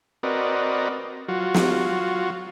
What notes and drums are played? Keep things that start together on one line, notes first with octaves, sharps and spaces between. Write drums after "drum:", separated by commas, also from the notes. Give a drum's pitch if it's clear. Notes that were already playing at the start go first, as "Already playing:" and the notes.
C4 F#4 A#4 B4 D5 D#5
F#3 F4 F#4
drum: snare